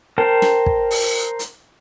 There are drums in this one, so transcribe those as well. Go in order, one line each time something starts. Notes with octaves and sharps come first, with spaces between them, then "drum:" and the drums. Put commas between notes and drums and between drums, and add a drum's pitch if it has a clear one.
A#4 C5 G5 A5
drum: snare
drum: kick
drum: open hi-hat
drum: hi-hat